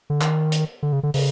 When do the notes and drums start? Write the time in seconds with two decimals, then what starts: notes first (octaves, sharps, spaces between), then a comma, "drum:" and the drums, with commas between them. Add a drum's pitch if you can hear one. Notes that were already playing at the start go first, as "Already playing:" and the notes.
0.10 D3
0.21 D#3, drum: clap
0.52 drum: hi-hat
0.83 D3
0.93 C#3
1.03 D3
1.14 C#3, drum: open hi-hat